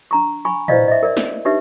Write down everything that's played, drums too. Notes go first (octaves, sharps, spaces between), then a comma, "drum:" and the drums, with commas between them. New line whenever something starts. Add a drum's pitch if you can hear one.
D4 A#5 C#6
G#5 B5 C#6
E4 B4 C5 D5 D#5 F5, drum: tom
D#5 E5
A#4 D5
drum: snare
D4 D#4 G4 B4 C#5 E5